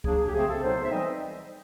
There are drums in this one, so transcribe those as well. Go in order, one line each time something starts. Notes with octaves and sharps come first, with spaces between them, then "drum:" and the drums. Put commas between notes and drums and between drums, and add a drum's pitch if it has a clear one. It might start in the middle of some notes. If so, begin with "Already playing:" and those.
F#3 A#3 D4 G#4, drum: kick C2
G4
C#3 F3 A3 C4 G#4
A4
B2 F#3 B3 D#4 C5
E5
E3 G3 C4 D#4 D#5